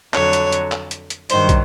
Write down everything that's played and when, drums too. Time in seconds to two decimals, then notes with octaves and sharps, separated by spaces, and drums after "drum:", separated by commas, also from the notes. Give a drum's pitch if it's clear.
0.14 F2 D3 F#3 C#5, drum: clap
0.33 drum: hi-hat
0.52 drum: hi-hat
0.72 drum: clap
0.91 drum: hi-hat
1.10 drum: hi-hat
1.30 G2 D#3 F#3 C5, drum: hi-hat
1.49 drum: kick, hi-hat